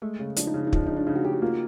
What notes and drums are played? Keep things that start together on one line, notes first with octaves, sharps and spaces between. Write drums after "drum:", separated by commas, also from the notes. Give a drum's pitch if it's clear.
G#3 A3
C#3
F3 D4, drum: hi-hat
D#4
C#3 D4
D#4
F3 D4, drum: kick
C#3 D#4
D4
C#3 D#4
F#4
C#3 G4
F#4
A#3 F4